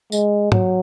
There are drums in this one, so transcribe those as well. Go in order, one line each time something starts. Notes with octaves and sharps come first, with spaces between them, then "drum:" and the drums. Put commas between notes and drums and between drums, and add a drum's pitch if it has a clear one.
G#3, drum: tambourine
F#3, drum: tom